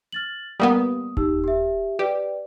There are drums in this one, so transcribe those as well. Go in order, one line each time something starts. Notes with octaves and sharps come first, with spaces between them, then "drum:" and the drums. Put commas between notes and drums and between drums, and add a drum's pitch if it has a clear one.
F6 A6 F#7
G3 A#3 B3 D#6
D#4 G4 E6, drum: kick D#1
G4 E5
G4 B4 D5